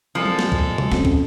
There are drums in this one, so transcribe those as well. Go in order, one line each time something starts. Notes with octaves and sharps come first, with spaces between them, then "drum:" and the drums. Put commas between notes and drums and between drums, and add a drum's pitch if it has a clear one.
C2 F3 G#3 A4
drum: tom F#3
drum: snare
drum: kick
drum: tom C3
F2 C#4, drum: snare
drum: kick